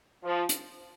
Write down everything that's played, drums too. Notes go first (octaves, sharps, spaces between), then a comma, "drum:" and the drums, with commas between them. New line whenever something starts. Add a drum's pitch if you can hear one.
F3
drum: hi-hat